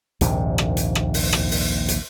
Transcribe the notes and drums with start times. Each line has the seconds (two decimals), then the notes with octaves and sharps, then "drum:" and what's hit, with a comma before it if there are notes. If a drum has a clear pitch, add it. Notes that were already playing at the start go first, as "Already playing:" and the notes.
0.21 A#1 D#2 G#2 C3, drum: hi-hat
0.58 drum: rim click
0.77 drum: hi-hat
0.95 drum: rim click
1.14 drum: open hi-hat
1.33 drum: rim click
1.51 drum: open hi-hat
1.88 drum: hi-hat